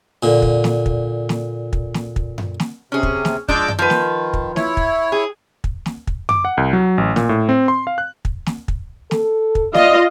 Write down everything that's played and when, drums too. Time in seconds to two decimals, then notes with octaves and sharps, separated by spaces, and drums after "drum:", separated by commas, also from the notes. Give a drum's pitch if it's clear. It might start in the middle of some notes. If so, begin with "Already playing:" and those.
0.23 A#2 D3
0.42 drum: kick
0.64 drum: snare
0.86 drum: kick
1.29 drum: snare
1.73 drum: kick
1.94 drum: snare
2.16 drum: kick
2.38 drum: tom F#2
2.60 drum: snare
2.92 C3 C#4 G#4
3.03 drum: kick
3.25 drum: snare
3.48 F3 G#3 D4 D6 E6 G6, drum: kick
3.68 drum: tom F#2
3.79 D#3 F3 B4
3.90 drum: snare
4.33 drum: kick
4.56 E4 C#5, drum: snare
4.77 drum: kick
5.12 G#4
5.64 drum: kick
5.86 drum: snare
6.07 drum: kick
6.29 D6, drum: tom F#2
6.45 F#5
6.57 C2
6.73 F#3
6.98 A1
7.16 A#2, drum: snare
7.29 A2
7.49 C4
7.68 C6
7.87 F5
7.98 F#6
8.25 drum: kick
8.46 drum: snare
8.68 drum: kick
9.11 A4, drum: snare
9.55 drum: kick
9.74 F4 D5 D#5, drum: snare